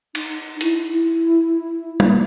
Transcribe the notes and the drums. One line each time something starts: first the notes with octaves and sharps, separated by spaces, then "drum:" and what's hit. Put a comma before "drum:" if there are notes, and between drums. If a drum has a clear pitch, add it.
D#4, drum: cymbal
E4, drum: hi-hat
E4
A#3, drum: tom